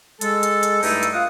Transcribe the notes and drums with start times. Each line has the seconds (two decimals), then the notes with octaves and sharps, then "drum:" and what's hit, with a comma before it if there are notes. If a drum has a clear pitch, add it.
0.21 G#3 A4, drum: hi-hat
0.43 drum: hi-hat
0.63 drum: hi-hat
0.83 G2 A3 D#4 E4 A4, drum: open hi-hat
1.03 drum: hi-hat
1.14 F4 F5 F#5 D#6